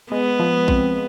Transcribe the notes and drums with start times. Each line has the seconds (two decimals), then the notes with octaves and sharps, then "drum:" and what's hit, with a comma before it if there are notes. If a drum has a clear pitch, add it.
0.12 G#3 B3
0.39 F3
0.68 C4, drum: kick A#1